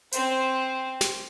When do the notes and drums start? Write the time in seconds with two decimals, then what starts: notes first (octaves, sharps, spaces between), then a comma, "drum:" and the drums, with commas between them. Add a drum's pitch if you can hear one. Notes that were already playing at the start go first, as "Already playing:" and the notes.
0.12 C4 C5, drum: hi-hat
1.01 drum: snare